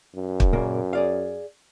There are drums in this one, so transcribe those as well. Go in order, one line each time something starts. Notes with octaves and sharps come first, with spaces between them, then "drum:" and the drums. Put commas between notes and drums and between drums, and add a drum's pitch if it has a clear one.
F#2
drum: kick
A#2 C#3 A#3
G#4 D5 F5